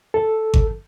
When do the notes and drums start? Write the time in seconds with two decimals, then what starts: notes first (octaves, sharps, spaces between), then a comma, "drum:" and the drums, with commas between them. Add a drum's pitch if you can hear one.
0.14 A4
0.54 drum: kick G#1